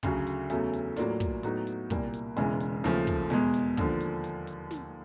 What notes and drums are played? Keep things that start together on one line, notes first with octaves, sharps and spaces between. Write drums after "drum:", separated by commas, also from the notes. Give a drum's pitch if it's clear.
D2 C#3 F#3, drum: kick, hi-hat
drum: hi-hat
E2 C#3 F#3 A3, drum: hi-hat
drum: hi-hat
A2 F#3 A#3 D4 F4, drum: snare
drum: kick, hi-hat
A2 F#3 B3 D#4, drum: hi-hat
drum: hi-hat
C2 A#2 G3 A#3, drum: kick, hi-hat
drum: hi-hat
E1 E2 C#3 E3 G#3, drum: hi-hat
drum: hi-hat
D#2 C#3 F3 A3, drum: snare
drum: kick, hi-hat
E2 B2 G#3, drum: hi-hat
drum: hi-hat
D#2 D3 F3, drum: kick, hi-hat
drum: hi-hat
drum: hi-hat
drum: hi-hat
drum: snare